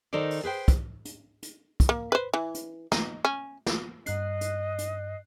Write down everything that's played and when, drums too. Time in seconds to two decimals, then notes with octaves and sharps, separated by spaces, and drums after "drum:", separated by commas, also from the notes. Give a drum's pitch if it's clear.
0.13 D#3 D#4 A4 C5 D5
0.31 drum: open hi-hat
0.43 G#4 B4 C5 G5
0.68 drum: kick, hi-hat
1.05 drum: hi-hat
1.43 drum: hi-hat
1.80 drum: kick, hi-hat
1.89 A#3
2.12 B4 C5
2.34 E3
2.55 drum: hi-hat
2.92 D#4, drum: snare
3.25 C#4
3.66 drum: snare
4.06 G2 D#5 F#6 C7, drum: hi-hat
4.41 drum: hi-hat
4.78 drum: hi-hat